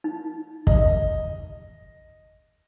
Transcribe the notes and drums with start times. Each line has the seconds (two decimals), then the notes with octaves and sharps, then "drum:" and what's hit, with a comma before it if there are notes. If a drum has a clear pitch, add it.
0.04 D#4
0.67 D#5, drum: kick